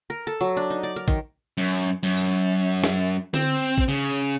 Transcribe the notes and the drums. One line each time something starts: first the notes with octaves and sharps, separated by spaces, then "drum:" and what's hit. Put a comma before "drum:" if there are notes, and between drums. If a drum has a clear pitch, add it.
A#4
A4
F#3, drum: hi-hat
D4
D#4
D5
A#4
D#3, drum: kick A1
F#2
F#2, drum: hi-hat
drum: tambourine
drum: snare
C4, drum: tom D3
drum: kick A1
C#3